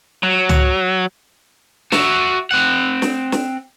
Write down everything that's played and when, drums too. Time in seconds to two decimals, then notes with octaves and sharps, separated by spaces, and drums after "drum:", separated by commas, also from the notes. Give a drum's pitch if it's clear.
0.23 F#3
0.49 drum: tom
1.92 F#4 E5, drum: snare
2.51 C4 F#5
3.02 drum: snare
3.32 drum: snare